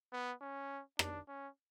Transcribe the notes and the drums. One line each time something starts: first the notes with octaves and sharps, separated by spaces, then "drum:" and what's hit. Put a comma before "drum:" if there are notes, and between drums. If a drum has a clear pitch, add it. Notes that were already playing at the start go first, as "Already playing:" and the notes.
B3
C#4
D4, drum: rim click
C#4